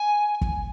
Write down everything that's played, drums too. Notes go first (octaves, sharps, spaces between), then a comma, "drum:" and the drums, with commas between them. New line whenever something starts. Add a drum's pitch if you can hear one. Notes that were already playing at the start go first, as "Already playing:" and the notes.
Already playing: G#5
drum: kick